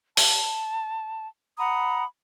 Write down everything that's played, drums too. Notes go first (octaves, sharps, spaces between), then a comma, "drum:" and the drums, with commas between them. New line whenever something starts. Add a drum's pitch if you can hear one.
A5, drum: open hi-hat
F#5 A#5 B5 D#6